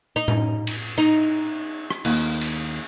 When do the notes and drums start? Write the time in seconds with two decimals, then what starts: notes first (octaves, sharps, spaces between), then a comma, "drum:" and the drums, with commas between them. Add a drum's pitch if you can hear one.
0.16 D#4
0.28 drum: tom A2
0.67 drum: cymbal
0.98 D#4
1.90 drum: rim click
2.05 D#2, drum: cymbal
2.41 drum: cymbal